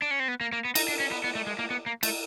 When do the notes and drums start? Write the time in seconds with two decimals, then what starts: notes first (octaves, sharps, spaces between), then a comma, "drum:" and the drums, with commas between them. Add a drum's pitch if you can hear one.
0.02 D4
0.11 C#4
0.20 C4
0.28 B3
0.41 A#3
0.53 A#3
0.65 B3
0.75 D#4, drum: cymbal
0.88 D4
1.00 C#4
1.11 B3
1.24 B3
1.35 A3
1.47 G#3
1.59 A#3
1.70 B3
1.86 A#3
2.03 A3, drum: cymbal